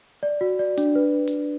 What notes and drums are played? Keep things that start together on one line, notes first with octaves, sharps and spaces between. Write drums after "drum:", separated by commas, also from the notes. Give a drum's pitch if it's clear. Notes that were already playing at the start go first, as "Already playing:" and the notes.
D5
F#4
D5
D4, drum: hi-hat
B4
drum: hi-hat